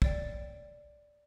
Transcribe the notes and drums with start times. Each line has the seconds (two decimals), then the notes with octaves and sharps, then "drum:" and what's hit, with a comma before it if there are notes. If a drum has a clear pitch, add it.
0.02 C#5 D5 G5, drum: kick